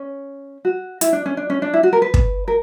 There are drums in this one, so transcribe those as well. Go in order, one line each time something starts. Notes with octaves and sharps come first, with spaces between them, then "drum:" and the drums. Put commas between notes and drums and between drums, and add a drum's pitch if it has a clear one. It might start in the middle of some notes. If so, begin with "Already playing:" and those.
Already playing: C#4
F#4
E4, drum: hi-hat
D4
C#4
D4
C#4
D4
E4
F#4
A#4
B4
drum: kick
A#4